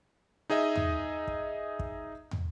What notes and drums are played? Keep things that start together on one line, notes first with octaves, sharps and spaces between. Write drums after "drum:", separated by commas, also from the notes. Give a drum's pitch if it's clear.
D#4 G#4 D#5 E5
drum: tom
drum: kick
drum: kick
drum: tom